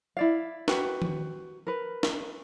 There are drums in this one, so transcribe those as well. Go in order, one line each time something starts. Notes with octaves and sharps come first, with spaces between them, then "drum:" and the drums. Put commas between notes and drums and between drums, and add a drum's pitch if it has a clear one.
E4 D5 F5
F#4 G4 B4, drum: snare
drum: tom D#3
A#4 B4
drum: snare